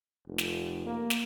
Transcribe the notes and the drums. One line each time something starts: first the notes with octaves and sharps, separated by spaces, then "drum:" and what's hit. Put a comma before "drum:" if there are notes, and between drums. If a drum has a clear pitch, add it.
F1
drum: snare
A#3
drum: snare